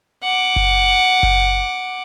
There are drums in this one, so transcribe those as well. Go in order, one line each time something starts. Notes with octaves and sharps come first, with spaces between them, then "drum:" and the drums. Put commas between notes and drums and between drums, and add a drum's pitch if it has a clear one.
F#5 D6
drum: kick F#1
drum: kick F#1